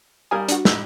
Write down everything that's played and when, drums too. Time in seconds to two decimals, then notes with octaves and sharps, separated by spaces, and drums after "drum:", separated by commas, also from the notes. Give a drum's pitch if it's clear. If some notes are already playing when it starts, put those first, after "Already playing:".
0.31 G3 A#4 F5 G#5 D#6
0.49 D4 F#4, drum: hi-hat
0.65 A1 E6, drum: snare